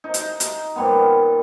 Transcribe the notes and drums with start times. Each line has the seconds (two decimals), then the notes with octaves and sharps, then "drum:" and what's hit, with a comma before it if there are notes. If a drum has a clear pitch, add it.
0.04 D#4
0.14 drum: hi-hat
0.40 drum: hi-hat
0.76 A#2 G3 B3